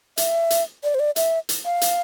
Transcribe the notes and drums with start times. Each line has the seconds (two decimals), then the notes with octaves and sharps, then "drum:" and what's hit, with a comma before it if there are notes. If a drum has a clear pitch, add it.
0.17 E5, drum: hi-hat
0.50 drum: hi-hat
0.84 D5
0.94 C5
0.99 D5
1.16 E5, drum: hi-hat
1.49 drum: hi-hat
1.65 F5
1.81 drum: hi-hat